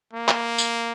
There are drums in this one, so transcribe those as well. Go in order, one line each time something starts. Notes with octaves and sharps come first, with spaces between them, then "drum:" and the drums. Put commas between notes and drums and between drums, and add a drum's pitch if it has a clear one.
A#3
drum: clap
drum: tambourine